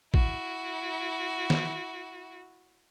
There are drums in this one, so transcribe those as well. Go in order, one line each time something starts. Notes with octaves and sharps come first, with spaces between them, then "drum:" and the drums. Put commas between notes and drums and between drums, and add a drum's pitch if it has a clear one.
E4 F#4, drum: kick
drum: snare